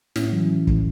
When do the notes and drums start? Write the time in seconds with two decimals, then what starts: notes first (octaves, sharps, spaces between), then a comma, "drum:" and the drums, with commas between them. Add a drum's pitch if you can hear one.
0.16 A2 C#4 E4, drum: snare
0.33 E3 F#3
0.50 E3
0.67 A2, drum: kick